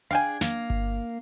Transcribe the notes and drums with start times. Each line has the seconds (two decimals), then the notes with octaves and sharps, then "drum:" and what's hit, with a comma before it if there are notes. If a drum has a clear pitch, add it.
0.11 D4 G#4 F5 G5 G#5
0.41 A#3, drum: snare
0.70 drum: kick G1